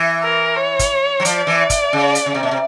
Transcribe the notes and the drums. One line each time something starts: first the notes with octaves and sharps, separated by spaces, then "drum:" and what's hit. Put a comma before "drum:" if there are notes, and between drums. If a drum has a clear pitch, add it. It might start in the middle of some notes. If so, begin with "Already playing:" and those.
Already playing: E3
A#4
C#5
drum: kick, hi-hat
F#3
F3 D5, drum: hi-hat
E3
drum: kick, hi-hat
C#3
drum: hi-hat
C#3
C3
B2
C3